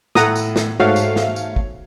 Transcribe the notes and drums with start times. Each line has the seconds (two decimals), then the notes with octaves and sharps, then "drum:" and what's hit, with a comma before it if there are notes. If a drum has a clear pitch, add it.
0.15 A2 A4 F#5 A#5 D#6, drum: snare
0.36 drum: tambourine
0.56 drum: snare
0.80 G#2 A3 F#4 C#5 F5
0.96 drum: tambourine
1.16 drum: snare
1.36 drum: tambourine
1.56 drum: kick